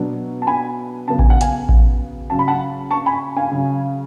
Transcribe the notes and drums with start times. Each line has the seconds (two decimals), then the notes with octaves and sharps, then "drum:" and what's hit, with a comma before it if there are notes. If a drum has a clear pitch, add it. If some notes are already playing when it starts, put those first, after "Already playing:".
Already playing: B2 F#3 B3 D4
0.42 A5
0.47 G#5 B5
1.08 C#3 F#3 B3 A5
1.19 G#5, drum: kick A1
1.30 F#5
1.41 F5 G#5, drum: hi-hat
1.69 drum: kick A1
2.30 C#3 F#3 C#4 A5
2.39 B5
2.48 F#5 A5
2.90 A5 C#6
3.06 G#5 B5
3.37 F5 G#5
3.51 C#3 F#3 C#4